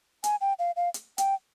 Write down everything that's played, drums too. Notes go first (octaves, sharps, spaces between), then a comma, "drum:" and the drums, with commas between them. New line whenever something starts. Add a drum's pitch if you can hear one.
G#5, drum: hi-hat
G5
F5
F5
drum: hi-hat
G5, drum: hi-hat